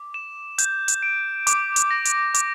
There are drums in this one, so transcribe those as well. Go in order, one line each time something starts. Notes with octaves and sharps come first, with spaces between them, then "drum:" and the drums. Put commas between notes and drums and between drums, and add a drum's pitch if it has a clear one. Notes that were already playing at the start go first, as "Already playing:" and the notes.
Already playing: D6
E7
G6, drum: hi-hat
drum: hi-hat
D7
D6, drum: hi-hat
drum: hi-hat
A#6
drum: hi-hat
D6, drum: hi-hat